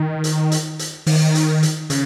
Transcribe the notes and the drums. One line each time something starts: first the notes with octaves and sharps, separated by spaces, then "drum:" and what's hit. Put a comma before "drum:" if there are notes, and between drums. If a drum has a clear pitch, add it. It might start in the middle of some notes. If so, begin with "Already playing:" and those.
Already playing: D#3
drum: hi-hat
drum: hi-hat
drum: hi-hat
D#3, drum: open hi-hat
drum: hi-hat
drum: hi-hat
C#3, drum: hi-hat